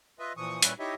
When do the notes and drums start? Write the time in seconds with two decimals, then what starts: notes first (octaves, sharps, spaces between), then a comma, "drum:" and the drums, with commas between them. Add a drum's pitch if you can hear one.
0.19 F4 B4 D#5 E5
0.37 A#2 E3 F3 C#6 D#6
0.62 A#2 G3 C#4 E4 B4, drum: hi-hat
0.79 D#4 E4 G4 C#5 D#5 E5